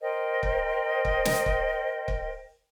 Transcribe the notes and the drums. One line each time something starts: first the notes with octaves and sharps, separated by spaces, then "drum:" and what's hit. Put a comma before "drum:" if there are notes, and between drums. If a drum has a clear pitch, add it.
A#4 C5 D#5 G5
drum: kick
drum: kick
drum: snare
drum: kick
drum: kick